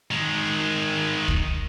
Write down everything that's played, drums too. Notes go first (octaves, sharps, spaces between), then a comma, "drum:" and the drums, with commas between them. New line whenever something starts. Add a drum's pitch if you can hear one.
D#3 G#3
drum: kick